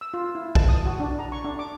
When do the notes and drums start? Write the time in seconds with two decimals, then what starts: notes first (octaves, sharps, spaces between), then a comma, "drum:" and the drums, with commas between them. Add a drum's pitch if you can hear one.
0.01 E6
0.14 F4
0.35 E4
0.55 A5, drum: kick A#1
0.69 D#6
0.85 F#4
1.00 D4
1.19 A#5
1.32 C#6
1.44 D4
1.59 D6